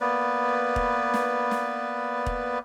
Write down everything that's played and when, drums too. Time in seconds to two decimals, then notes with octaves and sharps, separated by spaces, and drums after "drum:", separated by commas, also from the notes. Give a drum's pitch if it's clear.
0.01 A#3 B3 B4 D5
0.76 drum: kick E1
1.14 drum: snare
1.51 drum: snare
2.26 drum: kick E1